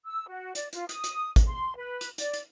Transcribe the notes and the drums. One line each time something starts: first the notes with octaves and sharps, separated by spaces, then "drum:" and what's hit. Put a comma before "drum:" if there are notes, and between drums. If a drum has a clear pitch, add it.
E6
F#4
D5, drum: hi-hat
F4, drum: hi-hat
D#6, drum: hi-hat
drum: hi-hat
drum: kick, hi-hat
C6
B4
drum: hi-hat
D5, drum: hi-hat
drum: hi-hat